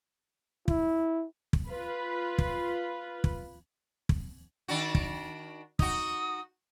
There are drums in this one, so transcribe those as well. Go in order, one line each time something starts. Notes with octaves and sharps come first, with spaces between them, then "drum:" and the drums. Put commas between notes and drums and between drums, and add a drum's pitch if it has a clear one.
E4, drum: kick
drum: kick
F4 B4
drum: kick
drum: kick
drum: kick
D#3 D4 F#4
drum: kick
D#4 F#4 D#6, drum: kick